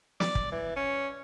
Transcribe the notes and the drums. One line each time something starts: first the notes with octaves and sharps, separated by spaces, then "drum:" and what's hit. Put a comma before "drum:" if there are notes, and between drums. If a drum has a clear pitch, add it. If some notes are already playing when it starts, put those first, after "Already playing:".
D5, drum: snare
drum: kick
E3
C#4